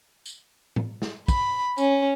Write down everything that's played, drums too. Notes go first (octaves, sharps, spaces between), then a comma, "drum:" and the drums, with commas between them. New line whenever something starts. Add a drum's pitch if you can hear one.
drum: tambourine
drum: tom A2
drum: snare
B5, drum: kick, tambourine
C#4, drum: tambourine